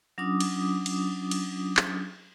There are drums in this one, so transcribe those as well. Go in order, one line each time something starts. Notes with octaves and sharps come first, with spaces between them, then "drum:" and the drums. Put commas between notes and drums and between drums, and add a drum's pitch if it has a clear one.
F#3 C#4 D4 F4 D6 D#6
drum: cymbal
drum: cymbal
drum: cymbal
drum: clap